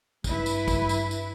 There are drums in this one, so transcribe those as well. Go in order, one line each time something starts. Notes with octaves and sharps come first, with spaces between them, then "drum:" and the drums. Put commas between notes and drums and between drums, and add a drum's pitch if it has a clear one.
G2 E4 B4, drum: kick, tambourine
drum: tambourine
drum: kick, tambourine
drum: tambourine
drum: tambourine